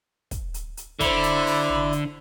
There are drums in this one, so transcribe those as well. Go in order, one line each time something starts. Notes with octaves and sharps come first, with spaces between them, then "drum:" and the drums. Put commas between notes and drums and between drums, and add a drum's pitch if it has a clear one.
drum: kick, hi-hat
drum: hi-hat
drum: hi-hat
D3 E4 C5 D5 B5, drum: kick, hi-hat
drum: hi-hat
drum: open hi-hat
drum: tom
drum: hi-hat